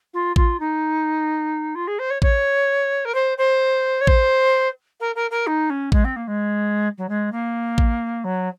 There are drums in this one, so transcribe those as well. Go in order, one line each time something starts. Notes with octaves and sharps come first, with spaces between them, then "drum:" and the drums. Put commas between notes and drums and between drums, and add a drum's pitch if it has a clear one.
F4
F4, drum: kick A1
D#4
F4
G#4
C5
C#5
C#5, drum: kick A1
A#4
C5
C5
C#5
C5, drum: kick A1
A#4
A#4
A#4
D#4
C#4
G#3, drum: kick A1
C4
A#3
G#3
F#3
G#3
A#3
drum: kick A1
F#3